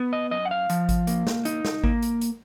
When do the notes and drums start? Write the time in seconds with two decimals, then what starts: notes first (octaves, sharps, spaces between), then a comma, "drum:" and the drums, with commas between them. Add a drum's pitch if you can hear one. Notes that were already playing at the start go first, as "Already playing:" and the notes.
Already playing: B3
0.13 D#5
0.31 F#2 D#5
0.45 F#5
0.51 F5
0.70 F3, drum: hi-hat
0.89 drum: kick G#1, hi-hat
1.07 A#3, drum: hi-hat
1.27 drum: snare
1.45 D#4, drum: hi-hat
1.65 drum: snare
1.84 A#3, drum: kick G#1
2.02 drum: hi-hat
2.21 drum: hi-hat